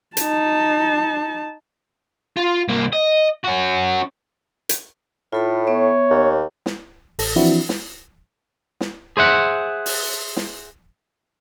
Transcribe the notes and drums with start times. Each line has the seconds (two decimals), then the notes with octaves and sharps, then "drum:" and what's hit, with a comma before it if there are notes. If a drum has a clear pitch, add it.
0.17 D#4 A5, drum: hi-hat
2.37 F4
2.68 C2 A#3
2.93 D#5
3.44 C#4 F#4
4.69 drum: hi-hat
5.33 A2 F4 A4 B5
5.67 B3 C#5 E5
6.10 D#2
6.66 drum: snare
7.19 A1 A4 A#6, drum: open hi-hat
7.36 E3 F3 C4 D4 E4 F#4
7.69 drum: snare
8.81 drum: snare
9.17 G#4 C5 E5 F#5
9.86 drum: open hi-hat
10.36 drum: snare